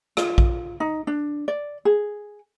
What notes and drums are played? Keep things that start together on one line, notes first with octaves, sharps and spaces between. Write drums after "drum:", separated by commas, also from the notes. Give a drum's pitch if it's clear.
F4, drum: rim click
drum: kick A#1
D#4
D4
D5
G#4